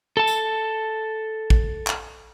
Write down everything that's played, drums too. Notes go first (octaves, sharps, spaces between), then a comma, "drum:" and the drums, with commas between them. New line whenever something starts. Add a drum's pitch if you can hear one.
A4 A5
drum: tambourine
drum: kick
drum: clap